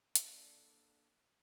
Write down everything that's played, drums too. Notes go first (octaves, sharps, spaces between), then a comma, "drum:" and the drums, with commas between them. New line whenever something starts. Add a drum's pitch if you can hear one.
A#3 D4 A4, drum: hi-hat